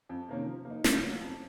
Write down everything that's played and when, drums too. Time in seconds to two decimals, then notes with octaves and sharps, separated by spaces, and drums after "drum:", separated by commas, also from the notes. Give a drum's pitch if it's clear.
0.09 F2
0.29 C3 D#3 A#3 C#4
0.46 F3
0.65 A#3
0.70 D#4
0.84 C#3, drum: snare
1.03 F#3 A#3
1.21 F2